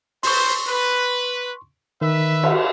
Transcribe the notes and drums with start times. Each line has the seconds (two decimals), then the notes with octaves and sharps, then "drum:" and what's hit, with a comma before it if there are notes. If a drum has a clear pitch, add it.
0.23 B4 C5 C6 C#6, drum: open hi-hat
0.67 B4
2.01 D#3 B4 E5
2.43 drum: cymbal